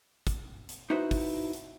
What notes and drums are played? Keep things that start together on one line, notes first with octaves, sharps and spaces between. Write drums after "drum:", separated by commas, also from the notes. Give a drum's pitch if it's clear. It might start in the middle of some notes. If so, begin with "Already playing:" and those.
drum: kick, hi-hat
drum: hi-hat
D#4 E4 F#4 B4 C5
drum: kick, open hi-hat
drum: hi-hat